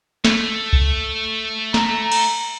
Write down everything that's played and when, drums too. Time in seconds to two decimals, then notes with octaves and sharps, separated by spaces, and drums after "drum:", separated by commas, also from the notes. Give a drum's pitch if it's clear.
0.25 A3, drum: snare
0.73 drum: kick C2
1.74 A#5, drum: snare
2.12 drum: cymbal